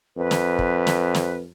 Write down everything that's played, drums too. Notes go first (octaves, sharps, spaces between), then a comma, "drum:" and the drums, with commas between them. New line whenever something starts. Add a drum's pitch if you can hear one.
F2 B4
drum: snare
drum: kick
drum: snare
drum: snare